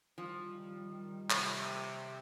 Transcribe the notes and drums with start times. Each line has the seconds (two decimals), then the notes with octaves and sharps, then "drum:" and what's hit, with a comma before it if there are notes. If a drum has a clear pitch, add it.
0.18 D#3 F3 G3
1.30 C3, drum: clap